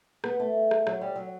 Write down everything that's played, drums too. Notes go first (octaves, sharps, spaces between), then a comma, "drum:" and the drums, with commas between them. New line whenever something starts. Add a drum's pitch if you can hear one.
B3, drum: rim click
A3
drum: rim click
F#3, drum: rim click
G3
F#3